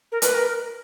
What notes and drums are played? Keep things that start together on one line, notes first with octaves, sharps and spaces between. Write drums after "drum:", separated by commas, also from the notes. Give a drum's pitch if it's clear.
A#4
B4, drum: hi-hat
A#4